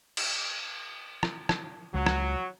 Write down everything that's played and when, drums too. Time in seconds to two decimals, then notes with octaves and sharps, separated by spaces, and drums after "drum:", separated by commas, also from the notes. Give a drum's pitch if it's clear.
0.17 drum: cymbal
1.23 drum: rim click
1.49 drum: rim click
1.94 C#2 F#3
2.06 drum: rim click